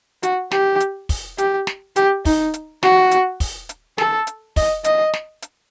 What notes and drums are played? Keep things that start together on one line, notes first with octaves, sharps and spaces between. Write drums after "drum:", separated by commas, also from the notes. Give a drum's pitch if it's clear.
F#4, drum: hi-hat
G4, drum: snare
drum: hi-hat
drum: kick, open hi-hat
G4, drum: hi-hat
drum: snare
G4, drum: hi-hat
D#4, drum: kick, open hi-hat
drum: hi-hat
F#4, drum: snare
drum: hi-hat
drum: kick, open hi-hat
drum: hi-hat
A4, drum: snare
drum: hi-hat
D#5, drum: kick, open hi-hat
D#5, drum: hi-hat
drum: snare
drum: hi-hat